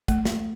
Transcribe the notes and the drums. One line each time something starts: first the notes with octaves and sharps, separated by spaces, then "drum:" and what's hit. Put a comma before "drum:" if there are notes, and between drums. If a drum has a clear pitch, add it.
A3, drum: kick, hi-hat
drum: snare